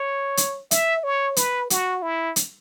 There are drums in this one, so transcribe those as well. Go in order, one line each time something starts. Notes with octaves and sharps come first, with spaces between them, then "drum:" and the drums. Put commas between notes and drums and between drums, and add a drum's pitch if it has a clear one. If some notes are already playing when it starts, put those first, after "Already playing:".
Already playing: C#5
drum: hi-hat
E5, drum: hi-hat
C#5
B4, drum: hi-hat
F#4, drum: hi-hat
E4
drum: hi-hat